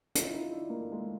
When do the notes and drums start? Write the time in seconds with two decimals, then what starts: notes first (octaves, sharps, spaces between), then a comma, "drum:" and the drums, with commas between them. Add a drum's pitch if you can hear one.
0.15 D#4 F4, drum: hi-hat
0.28 E4
0.33 D#4 F4
0.51 D4 E4
0.69 A#3
0.80 A3
0.92 G#3 A#3